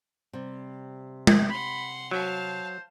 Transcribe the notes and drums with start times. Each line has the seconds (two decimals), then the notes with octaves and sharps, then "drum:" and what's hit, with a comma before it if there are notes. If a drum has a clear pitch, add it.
0.33 C3 G3
1.27 drum: tom
1.50 F#5 B5 C6
2.11 F#3 C5 F5 A5